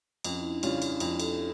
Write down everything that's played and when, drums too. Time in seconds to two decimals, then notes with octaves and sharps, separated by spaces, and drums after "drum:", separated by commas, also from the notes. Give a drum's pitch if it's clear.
0.24 F2 C#4, drum: cymbal
0.40 E4
0.50 D4
0.63 C#3 G3 C#4 F4, drum: cymbal
0.82 drum: cymbal
1.00 F2 F4, drum: cymbal
1.20 A4, drum: cymbal